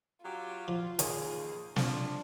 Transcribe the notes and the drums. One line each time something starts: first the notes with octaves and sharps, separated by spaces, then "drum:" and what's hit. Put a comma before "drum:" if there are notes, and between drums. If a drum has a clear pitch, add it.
F#3 F4 G4
F3
D#2 D#3 G#4 C#5, drum: hi-hat
F2 F3 D4 A5, drum: snare